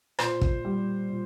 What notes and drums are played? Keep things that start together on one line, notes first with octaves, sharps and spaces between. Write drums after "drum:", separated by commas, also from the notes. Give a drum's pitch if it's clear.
A#2 C5, drum: rim click
drum: kick
G3
A#2